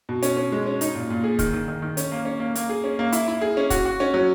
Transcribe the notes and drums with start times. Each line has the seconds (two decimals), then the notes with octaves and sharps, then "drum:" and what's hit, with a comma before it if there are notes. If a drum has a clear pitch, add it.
0.09 B2
0.23 C#4, drum: hi-hat
0.37 C#4
0.52 G#3
0.66 C#4
0.81 D#4, drum: hi-hat
0.95 A#2
1.10 A#2
1.24 G#4
1.39 D#3, drum: kick, hi-hat
1.53 D#3
1.68 D#3
1.82 D#3
1.97 C#4, drum: hi-hat
2.12 A#3
2.25 C#4
2.40 A#3
2.55 A#3, drum: hi-hat
2.69 G#4
2.84 C#4
2.99 A#3
3.12 E4, drum: hi-hat
3.28 E4
3.41 G#4
3.57 C#4
3.70 F#4, drum: kick, hi-hat
3.86 F#4
4.00 C#4
4.14 F#3